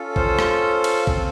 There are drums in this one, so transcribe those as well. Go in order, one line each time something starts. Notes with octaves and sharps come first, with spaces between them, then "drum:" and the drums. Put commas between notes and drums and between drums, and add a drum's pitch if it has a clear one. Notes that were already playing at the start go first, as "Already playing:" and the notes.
Already playing: C#4 F4 A4
C5, drum: kick
drum: rim click
drum: cymbal
C4 F4 A4, drum: kick